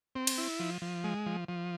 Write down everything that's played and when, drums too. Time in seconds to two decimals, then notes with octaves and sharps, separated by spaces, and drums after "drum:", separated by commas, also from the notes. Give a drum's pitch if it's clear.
0.15 C4
0.27 drum: cymbal
0.38 E4
0.60 F3
0.82 F3
1.04 G#3
1.26 F3
1.48 F3